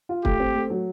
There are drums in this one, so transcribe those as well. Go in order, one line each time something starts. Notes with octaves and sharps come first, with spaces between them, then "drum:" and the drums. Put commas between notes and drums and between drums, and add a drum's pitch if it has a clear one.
F4
A3 G4, drum: kick
C4
A3
F#3